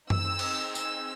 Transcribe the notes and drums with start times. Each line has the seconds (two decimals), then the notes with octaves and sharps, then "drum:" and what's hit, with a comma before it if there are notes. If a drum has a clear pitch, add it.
0.10 C4 D#4 G#4 E6, drum: tom F#2
0.39 drum: cymbal
0.75 E6, drum: tambourine